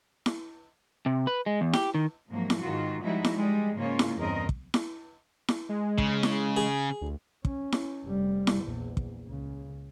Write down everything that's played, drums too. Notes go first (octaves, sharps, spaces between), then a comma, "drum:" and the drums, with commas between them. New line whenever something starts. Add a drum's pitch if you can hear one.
drum: snare E4
C3
B4
G#3
E2
G4, drum: snare E4
D#3
G#2 C3 F3 F#3 A#3
drum: snare E4
G#2 D#3 F4 F#4
F3 G3 G#3 D#4 E4 F#4
drum: snare E4
G3 G#3
G#2 C#3 A#3 F4 C#5
drum: snare E4
E2 G2 C#3 C4 A#4 D#5
drum: kick
drum: snare E4
drum: snare E4
G#3
C#3, drum: kick
drum: snare E4
G#4
D2
C#4, drum: kick
drum: snare E4
F1 G3
drum: snare E4
A#1 E2
drum: kick
C#2 C#3